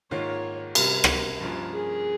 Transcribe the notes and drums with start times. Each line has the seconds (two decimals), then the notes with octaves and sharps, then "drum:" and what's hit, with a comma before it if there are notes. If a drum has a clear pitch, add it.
0.11 G#2 D#3 A#3 F4 C#5
0.75 C3 G3 C#4 A#4, drum: cymbal
1.04 drum: rim click
1.41 G2 F3 A#3 C#4 F4
1.73 G#4